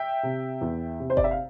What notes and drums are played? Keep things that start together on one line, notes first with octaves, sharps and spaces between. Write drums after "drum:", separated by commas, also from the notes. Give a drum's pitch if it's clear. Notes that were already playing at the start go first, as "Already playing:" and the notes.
Already playing: E5 G5
C3
E2
C3
C5
D5, drum: kick G1
E5
F5